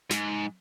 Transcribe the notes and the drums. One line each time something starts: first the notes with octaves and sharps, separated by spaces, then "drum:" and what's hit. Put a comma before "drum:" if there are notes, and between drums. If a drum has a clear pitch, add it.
G#2, drum: snare